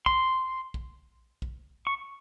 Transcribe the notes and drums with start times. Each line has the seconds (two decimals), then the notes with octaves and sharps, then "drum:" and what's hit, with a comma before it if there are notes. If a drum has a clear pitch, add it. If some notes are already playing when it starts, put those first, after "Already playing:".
0.06 C6, drum: kick A#1
0.74 drum: kick A#1
1.42 drum: kick A#1
1.87 C#6